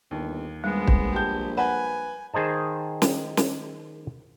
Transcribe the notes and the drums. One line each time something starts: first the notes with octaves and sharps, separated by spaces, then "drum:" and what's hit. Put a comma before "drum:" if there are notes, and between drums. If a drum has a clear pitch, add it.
G1 D#2
A#1 G3 G#3 B3
drum: kick
G4 A5 G6
B4 F#5 G#5
D#3 G#4 C5 D#5 A5
drum: snare
drum: snare